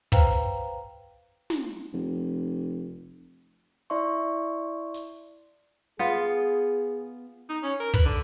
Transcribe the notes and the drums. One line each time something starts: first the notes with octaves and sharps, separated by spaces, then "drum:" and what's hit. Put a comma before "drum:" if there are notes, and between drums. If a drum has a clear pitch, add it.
B4 C5 F5 G5 A#5, drum: kick
drum: snare
F1
E4 D5 E5 C6 C#6
drum: hi-hat
B3 F4 G#4
D#4
C#4
A#4
B4, drum: kick
D3